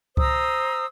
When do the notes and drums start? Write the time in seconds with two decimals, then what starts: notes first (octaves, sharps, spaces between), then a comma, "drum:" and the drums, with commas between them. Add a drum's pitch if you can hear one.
0.17 C5 A#5 D#6 E6, drum: kick C2